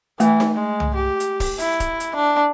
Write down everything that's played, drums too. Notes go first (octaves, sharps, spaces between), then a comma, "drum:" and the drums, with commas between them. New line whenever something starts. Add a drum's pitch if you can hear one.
E3 A3, drum: hi-hat
drum: snare D#4
G#3
drum: tom C2
G4
drum: hi-hat
drum: kick, open hi-hat
E4, drum: hi-hat
drum: kick, hi-hat
drum: hi-hat
D4